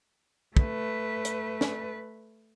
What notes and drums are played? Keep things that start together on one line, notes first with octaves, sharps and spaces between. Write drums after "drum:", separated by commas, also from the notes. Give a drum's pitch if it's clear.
A3 B4, drum: kick
drum: hi-hat
drum: snare